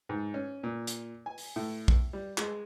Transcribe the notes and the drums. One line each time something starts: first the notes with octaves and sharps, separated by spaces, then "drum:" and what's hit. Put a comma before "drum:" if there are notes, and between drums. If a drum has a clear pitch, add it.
G#2
C#4
A#2
drum: hi-hat
G#5
drum: open hi-hat
A2
drum: kick
G3
G#3, drum: clap